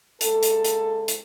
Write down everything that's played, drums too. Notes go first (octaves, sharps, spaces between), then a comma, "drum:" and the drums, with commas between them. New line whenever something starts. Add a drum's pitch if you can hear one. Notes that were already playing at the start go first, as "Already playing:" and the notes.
C#3 G#3 A#3 A4, drum: hi-hat
drum: hi-hat
drum: hi-hat
drum: hi-hat